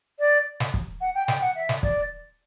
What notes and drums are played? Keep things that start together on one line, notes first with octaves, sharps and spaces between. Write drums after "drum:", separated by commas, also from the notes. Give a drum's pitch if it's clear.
D5
drum: snare
drum: kick
F#5
G5
G5, drum: snare
F#5
E5
drum: snare
D5, drum: kick